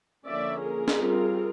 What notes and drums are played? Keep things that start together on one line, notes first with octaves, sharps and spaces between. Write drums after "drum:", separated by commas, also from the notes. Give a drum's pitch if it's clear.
D3 F3 A#3 C#4 D5 E5
G#4 A#4
drum: snare
G3 C4 F4